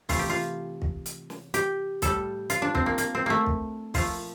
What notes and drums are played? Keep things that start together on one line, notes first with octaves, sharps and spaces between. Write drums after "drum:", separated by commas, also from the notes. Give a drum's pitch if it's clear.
C3 E3 A3 F4, drum: kick, open hi-hat
G4
F4
drum: kick
drum: hi-hat
drum: snare
G4, drum: hi-hat
A2 G3 A4, drum: kick, hi-hat
F4, drum: hi-hat
D4
C4, drum: kick
A#3
A#3, drum: hi-hat
C4
A3 A#3
drum: kick
A#2 F3 A3 F4, drum: kick, open hi-hat